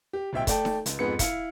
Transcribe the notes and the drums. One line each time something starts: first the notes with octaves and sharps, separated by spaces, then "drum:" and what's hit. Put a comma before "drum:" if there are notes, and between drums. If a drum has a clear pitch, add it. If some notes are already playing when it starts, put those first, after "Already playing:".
G4
D1 B1 E5 G5
A3 D5 G5 A5, drum: kick, hi-hat
drum: snare D#4
C#2, drum: hi-hat
F2 G#2 B3 G#4 B4 C#7
E4 F5 C#7, drum: kick, hi-hat